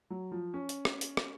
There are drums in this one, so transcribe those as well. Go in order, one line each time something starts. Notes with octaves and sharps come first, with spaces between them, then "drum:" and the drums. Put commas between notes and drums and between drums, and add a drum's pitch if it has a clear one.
F#3
F3
C#4
drum: hi-hat
drum: rim click
drum: hi-hat
drum: rim click